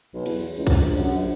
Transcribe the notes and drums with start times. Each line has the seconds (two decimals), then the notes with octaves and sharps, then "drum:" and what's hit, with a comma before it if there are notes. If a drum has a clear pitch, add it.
0.14 B1
0.26 E2, drum: cymbal
0.58 C#2
0.67 drum: kick A#1, cymbal
0.82 A#1
0.97 F#2
1.14 A#1